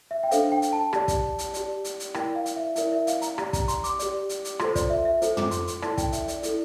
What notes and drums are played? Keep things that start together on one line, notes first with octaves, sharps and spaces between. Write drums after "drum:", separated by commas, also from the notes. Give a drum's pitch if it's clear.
E5
G5
D4 A4 C5 F5, drum: hi-hat
G5
drum: hi-hat
A5
G4 D5, drum: rim click
drum: kick, hi-hat
drum: hi-hat
G4 D5, drum: hi-hat
drum: hi-hat
drum: hi-hat
E4 A#4 D5 G5, drum: rim click
F5
drum: hi-hat
E5
E4 A#4 D5 E5, drum: hi-hat
E5
F5, drum: hi-hat
A#5, drum: hi-hat
G4 D5 A#5, drum: rim click
A#5, drum: kick, hi-hat
C6, drum: hi-hat
D6, drum: hi-hat
G4 D5, drum: hi-hat
drum: hi-hat
drum: hi-hat
F4 A4 C5 C6, drum: rim click
D5, drum: kick, hi-hat
E5
E5
F4 A4 C5, drum: hi-hat
D6, drum: tom
C6, drum: hi-hat
C6, drum: hi-hat
E4 A4 D5 A5, drum: rim click
G5, drum: kick, hi-hat
E5, drum: hi-hat
D5, drum: hi-hat
E4 A4 D5, drum: hi-hat